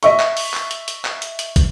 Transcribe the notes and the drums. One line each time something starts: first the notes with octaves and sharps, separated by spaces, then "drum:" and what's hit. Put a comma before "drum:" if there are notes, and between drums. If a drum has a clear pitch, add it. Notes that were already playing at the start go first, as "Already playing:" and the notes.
D#5 E5 C#6, drum: hi-hat
drum: clap
drum: open hi-hat
drum: clap
drum: hi-hat
drum: hi-hat
drum: clap
drum: hi-hat
drum: hi-hat
drum: kick, hi-hat